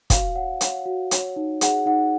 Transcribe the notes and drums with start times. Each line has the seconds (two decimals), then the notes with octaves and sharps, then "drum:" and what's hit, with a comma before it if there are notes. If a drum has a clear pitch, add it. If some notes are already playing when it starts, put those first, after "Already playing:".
0.10 F#4 F5, drum: kick, hi-hat
0.35 C#5 F#5
0.61 C#5 F#5, drum: hi-hat
0.85 F#4
1.11 C#5, drum: hi-hat
1.36 D#4
1.61 G#4 F#5, drum: hi-hat
1.86 D#4 F#5